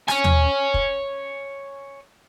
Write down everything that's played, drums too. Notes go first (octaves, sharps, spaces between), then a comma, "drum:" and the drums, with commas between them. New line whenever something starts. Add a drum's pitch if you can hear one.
C#5 G#5, drum: rim click
drum: tom D#2
drum: kick